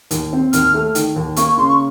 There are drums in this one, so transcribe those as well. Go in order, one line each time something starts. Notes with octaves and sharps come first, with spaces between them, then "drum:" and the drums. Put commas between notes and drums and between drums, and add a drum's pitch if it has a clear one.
D#2, drum: hi-hat
C4
D#2 F6, drum: hi-hat
A3
D#3, drum: hi-hat
D#2
A#3 C#6, drum: hi-hat
C#6
C#3 C6
C#6